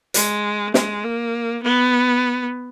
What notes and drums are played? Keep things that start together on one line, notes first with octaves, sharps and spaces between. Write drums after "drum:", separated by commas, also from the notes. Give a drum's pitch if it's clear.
G#3, drum: hi-hat
G#3, drum: snare
A#3
B3